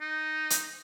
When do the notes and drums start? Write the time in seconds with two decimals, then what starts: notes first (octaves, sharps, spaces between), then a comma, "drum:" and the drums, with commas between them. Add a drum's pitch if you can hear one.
0.01 D#4
0.50 drum: hi-hat